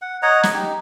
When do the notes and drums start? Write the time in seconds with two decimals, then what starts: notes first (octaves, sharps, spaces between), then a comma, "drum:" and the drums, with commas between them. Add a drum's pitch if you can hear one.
0.02 F#5
0.22 C#5 D#5 F#5 A#5
0.43 drum: snare
0.54 D#4 G4